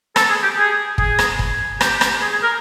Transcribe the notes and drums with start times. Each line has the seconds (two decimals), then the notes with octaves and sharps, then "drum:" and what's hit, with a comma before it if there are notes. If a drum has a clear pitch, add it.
0.16 A4, drum: rim click
0.29 G#4
0.43 G4
0.57 G#4
0.98 G#4, drum: kick
1.19 drum: rim click
1.39 drum: kick
1.81 G4, drum: rim click
2.01 drum: rim click
2.21 G#4
2.31 G#4
2.42 A#4